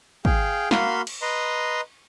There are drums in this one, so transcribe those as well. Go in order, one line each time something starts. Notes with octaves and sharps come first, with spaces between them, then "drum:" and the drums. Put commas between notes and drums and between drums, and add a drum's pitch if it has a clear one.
G#4 F5 G5, drum: kick
A#3 F#4 F5 B5 C6, drum: snare
drum: cymbal
B4 D#5 A#5 C6